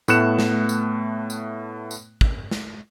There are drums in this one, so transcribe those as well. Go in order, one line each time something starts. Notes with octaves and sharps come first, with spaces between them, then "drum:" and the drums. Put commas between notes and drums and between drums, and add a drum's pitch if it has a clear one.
A2 A3 B3 F#6 C#7 E7, drum: tambourine
drum: snare
drum: tambourine
drum: tambourine
drum: tambourine
drum: kick
drum: snare